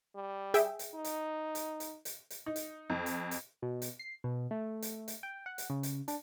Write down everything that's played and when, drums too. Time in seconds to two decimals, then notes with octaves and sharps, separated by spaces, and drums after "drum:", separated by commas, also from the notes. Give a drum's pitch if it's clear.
0.16 G3
0.54 G#4 E5 G5, drum: hi-hat
0.79 drum: hi-hat
0.94 D#4
1.04 drum: hi-hat
1.55 drum: hi-hat
1.80 drum: hi-hat
2.05 drum: hi-hat
2.30 drum: hi-hat
2.46 D#4
2.56 drum: hi-hat
2.90 F2
3.06 drum: hi-hat
3.31 drum: hi-hat
3.62 B2
3.82 drum: hi-hat
3.99 C7
4.24 B2
4.51 A3
4.82 drum: hi-hat
5.08 drum: hi-hat
5.23 G5
5.46 F#5
5.58 drum: hi-hat
5.70 C#3
5.83 drum: hi-hat
6.08 D4, drum: hi-hat